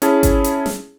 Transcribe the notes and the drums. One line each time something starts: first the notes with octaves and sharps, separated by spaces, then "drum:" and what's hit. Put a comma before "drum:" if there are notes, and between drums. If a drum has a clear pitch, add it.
C#4 E4 G#4 A5, drum: hi-hat
drum: kick G#1, hi-hat
drum: hi-hat
drum: snare